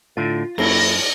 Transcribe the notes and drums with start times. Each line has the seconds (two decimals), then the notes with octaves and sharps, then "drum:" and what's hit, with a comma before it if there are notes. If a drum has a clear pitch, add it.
0.17 A2 D3 F4
0.58 F#2 A#3 C#4 E4 A#6, drum: cymbal